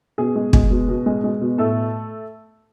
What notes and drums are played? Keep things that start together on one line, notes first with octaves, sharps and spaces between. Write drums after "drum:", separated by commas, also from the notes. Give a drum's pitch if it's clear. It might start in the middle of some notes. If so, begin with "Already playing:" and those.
B2 G#4
G#3
G#3, drum: kick
B2
B2
G#3
G#3
B2
A2 A3 A4